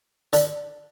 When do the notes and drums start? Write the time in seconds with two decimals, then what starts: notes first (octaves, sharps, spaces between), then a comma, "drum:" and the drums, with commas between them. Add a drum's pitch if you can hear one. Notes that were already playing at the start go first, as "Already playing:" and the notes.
0.33 D3, drum: hi-hat